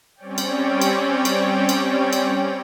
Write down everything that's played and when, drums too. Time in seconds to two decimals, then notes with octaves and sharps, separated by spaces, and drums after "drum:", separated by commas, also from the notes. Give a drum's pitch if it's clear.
0.16 G3 C4 C#4 C#5 D5 G5
0.38 drum: cymbal
0.81 drum: cymbal
1.25 drum: cymbal
1.69 drum: cymbal
2.13 drum: cymbal